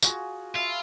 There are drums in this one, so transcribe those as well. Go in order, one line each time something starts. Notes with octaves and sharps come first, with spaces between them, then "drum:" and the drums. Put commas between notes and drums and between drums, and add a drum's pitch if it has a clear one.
F4 F#4 G#4, drum: tambourine
F4 E5 F5 B5